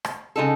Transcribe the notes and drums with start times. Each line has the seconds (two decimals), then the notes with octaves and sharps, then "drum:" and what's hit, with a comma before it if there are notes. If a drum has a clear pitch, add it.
0.05 drum: rim click
0.36 C#3 G#3 D#4 F#4 A4